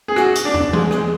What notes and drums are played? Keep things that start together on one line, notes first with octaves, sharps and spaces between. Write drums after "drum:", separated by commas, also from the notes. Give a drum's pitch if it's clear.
G#4
F#4, drum: rim click
drum: hi-hat
D4
drum: tom
G#3, drum: tom E3
G#3, drum: rim click